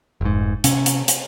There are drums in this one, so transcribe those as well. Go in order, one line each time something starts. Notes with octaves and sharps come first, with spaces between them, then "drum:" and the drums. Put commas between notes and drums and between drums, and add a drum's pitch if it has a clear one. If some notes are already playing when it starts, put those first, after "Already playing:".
F1 G#2
C3 C#4, drum: hi-hat
drum: hi-hat
drum: hi-hat